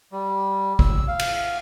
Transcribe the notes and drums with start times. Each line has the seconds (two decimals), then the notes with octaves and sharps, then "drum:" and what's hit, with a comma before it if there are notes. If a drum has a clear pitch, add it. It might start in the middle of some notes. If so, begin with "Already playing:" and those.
0.12 G3
0.79 E6, drum: kick
1.08 F5
1.19 drum: cymbal